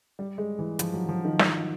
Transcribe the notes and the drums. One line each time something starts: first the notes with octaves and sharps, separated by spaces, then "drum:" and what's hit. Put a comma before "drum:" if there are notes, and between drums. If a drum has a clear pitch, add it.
G3
G#3
E3
F3, drum: hi-hat
F#3
F3
D#3
drum: snare